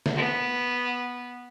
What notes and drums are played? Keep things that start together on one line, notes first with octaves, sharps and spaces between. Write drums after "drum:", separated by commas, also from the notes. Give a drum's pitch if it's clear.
drum: snare
B3